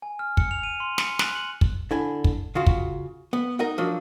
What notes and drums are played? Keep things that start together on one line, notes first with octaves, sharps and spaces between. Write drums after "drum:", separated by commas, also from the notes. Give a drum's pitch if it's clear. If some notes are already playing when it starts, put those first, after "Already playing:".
G#5
F6
C#7, drum: kick
F7
D#7
C6
C#7, drum: snare
F#6, drum: snare
F#7
drum: kick
D3 E4 G#5
drum: kick
C#3 F4 F#4
drum: kick
B3
D#4 A#4 D#5 F#5
F3 F#3 D4